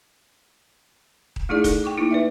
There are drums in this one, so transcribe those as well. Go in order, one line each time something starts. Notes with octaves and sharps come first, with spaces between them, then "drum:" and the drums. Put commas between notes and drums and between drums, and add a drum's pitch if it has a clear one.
drum: kick D#1
A3 D#4 E4 G#4 D5
A4, drum: kick D#1, hi-hat
G5 C#6 D6
A#3 D#4 E4
B4 D5 E5